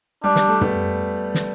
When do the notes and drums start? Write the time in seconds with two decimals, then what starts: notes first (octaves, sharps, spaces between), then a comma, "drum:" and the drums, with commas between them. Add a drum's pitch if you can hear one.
0.23 G3 D4
0.36 G3, drum: snare
0.48 A3
0.61 B3, drum: tom
1.35 drum: snare